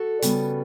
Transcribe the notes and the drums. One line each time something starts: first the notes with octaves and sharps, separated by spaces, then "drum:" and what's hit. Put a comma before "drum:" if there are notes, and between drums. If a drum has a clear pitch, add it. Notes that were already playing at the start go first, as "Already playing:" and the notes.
Already playing: F#4 A4
C#3 G3 B3, drum: hi-hat